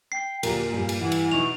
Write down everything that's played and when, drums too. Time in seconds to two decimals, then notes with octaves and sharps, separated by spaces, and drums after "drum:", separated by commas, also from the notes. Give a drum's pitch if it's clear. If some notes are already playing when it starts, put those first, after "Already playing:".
0.12 G5 C7
0.43 D2 A#2 G4 A#4 G#5, drum: cymbal
0.72 G2 G4
0.89 drum: cymbal
1.01 G2 E3 F#5
1.12 drum: cymbal
1.32 B2 D#4 C#6 F7